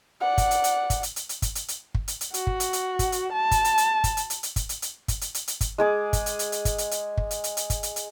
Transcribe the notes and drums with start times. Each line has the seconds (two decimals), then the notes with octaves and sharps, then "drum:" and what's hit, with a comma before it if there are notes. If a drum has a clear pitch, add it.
0.21 D5 F#5
0.38 drum: kick, hi-hat
0.51 drum: hi-hat
0.64 drum: hi-hat
0.90 drum: kick, hi-hat
1.03 drum: hi-hat
1.16 drum: hi-hat
1.29 drum: hi-hat
1.42 drum: kick, hi-hat
1.55 drum: hi-hat
1.68 drum: hi-hat
1.95 drum: kick
2.08 drum: hi-hat
2.21 drum: hi-hat
2.34 F#4, drum: hi-hat
2.47 drum: kick
2.60 drum: hi-hat
2.73 drum: hi-hat
2.99 drum: kick, hi-hat
3.12 drum: hi-hat
3.33 A5
3.51 drum: kick, hi-hat
3.65 drum: hi-hat
3.78 drum: hi-hat
4.04 drum: kick, hi-hat
4.17 drum: hi-hat
4.30 drum: hi-hat
4.43 drum: hi-hat
4.56 drum: kick, hi-hat
4.69 drum: hi-hat
4.82 drum: hi-hat
5.08 drum: kick, hi-hat
5.21 drum: hi-hat
5.34 drum: hi-hat
5.48 drum: hi-hat
5.61 drum: kick, hi-hat
5.78 G#3 G#4 D6
6.13 drum: kick, hi-hat
6.26 drum: hi-hat
6.39 drum: hi-hat
6.52 drum: hi-hat
6.65 drum: kick, hi-hat
6.78 drum: hi-hat
6.91 drum: hi-hat
7.18 drum: kick
7.31 drum: hi-hat
7.44 drum: hi-hat
7.57 drum: hi-hat
7.70 drum: kick, hi-hat
7.83 drum: hi-hat
7.96 drum: hi-hat